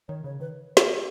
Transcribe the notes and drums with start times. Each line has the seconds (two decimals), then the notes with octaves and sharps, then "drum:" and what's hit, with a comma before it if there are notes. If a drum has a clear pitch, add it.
0.08 D#3 C#5
0.24 C#3 C#5
0.40 D#3 B4
0.77 drum: snare